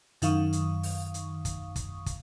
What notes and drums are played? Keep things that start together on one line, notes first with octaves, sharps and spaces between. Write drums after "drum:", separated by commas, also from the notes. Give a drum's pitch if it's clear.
F#2 D#3 F5 C#6 D#6, drum: hi-hat
drum: hi-hat
drum: open hi-hat
drum: hi-hat
drum: kick, hi-hat
drum: kick, hi-hat
drum: kick, hi-hat